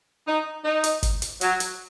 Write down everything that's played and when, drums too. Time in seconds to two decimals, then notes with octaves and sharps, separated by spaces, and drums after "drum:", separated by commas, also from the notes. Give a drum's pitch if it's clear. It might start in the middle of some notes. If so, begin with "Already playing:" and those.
0.27 D#4
0.64 D#4
0.84 drum: hi-hat
1.03 drum: kick G1, hi-hat
1.22 drum: hi-hat
1.41 F#3, drum: hi-hat
1.60 drum: hi-hat